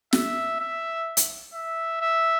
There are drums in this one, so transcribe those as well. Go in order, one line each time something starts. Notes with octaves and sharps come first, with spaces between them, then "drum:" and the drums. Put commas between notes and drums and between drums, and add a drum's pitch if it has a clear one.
E5, drum: snare
E5
drum: hi-hat
E5
E5